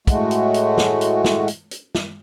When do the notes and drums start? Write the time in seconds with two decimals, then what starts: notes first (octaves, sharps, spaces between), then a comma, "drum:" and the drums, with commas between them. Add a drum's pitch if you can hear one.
0.07 A2 G#3 A3 F#4, drum: kick, hi-hat
0.31 drum: hi-hat
0.54 drum: hi-hat
0.78 drum: snare
1.01 drum: hi-hat
1.24 drum: snare
1.48 drum: hi-hat
1.71 drum: hi-hat
1.95 drum: snare